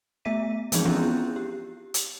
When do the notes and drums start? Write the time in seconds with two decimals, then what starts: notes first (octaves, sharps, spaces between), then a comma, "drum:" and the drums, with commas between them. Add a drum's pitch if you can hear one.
0.25 A3 B3 E5 B6 D#7
0.72 E3 F3 G#3 C4 D#4 G#4, drum: hi-hat
0.85 B3 C#4 D4 E4 F4 G#4
1.36 G4
1.94 drum: hi-hat